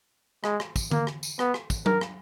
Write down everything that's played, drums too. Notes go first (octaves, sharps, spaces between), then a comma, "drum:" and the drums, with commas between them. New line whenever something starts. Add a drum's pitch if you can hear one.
G#3, drum: rim click
drum: rim click
drum: kick, tambourine
A#3, drum: tom D3
drum: rim click
drum: tambourine
B3, drum: rim click
drum: rim click
drum: kick, tambourine
A#4, drum: tom F#3
drum: rim click